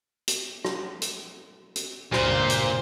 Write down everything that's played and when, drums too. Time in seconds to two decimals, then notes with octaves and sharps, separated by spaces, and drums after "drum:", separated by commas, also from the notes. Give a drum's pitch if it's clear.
0.28 drum: hi-hat
0.65 drum: rim click
1.02 drum: hi-hat
1.76 drum: hi-hat
2.13 C#2 G2 A#2 C5, drum: rim click
2.50 drum: hi-hat